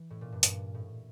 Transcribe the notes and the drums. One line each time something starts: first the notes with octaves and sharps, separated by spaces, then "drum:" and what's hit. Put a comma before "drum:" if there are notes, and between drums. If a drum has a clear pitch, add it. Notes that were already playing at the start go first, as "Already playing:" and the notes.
Already playing: E3
A2
A#2
G2
G2, drum: hi-hat
A2